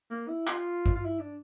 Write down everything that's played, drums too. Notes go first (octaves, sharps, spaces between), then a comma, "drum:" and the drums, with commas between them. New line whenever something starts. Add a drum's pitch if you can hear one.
A#3
E4
F4, drum: clap
drum: kick
F4
E4
D4